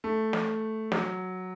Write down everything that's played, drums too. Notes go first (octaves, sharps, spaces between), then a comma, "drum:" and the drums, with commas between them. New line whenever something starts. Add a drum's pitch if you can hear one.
A3
drum: snare
F#3, drum: snare